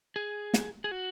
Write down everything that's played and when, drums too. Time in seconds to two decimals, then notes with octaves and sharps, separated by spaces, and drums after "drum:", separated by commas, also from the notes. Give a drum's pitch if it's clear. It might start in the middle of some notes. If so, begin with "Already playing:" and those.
0.16 G#4
0.54 drum: snare
0.84 G#4
0.91 F#4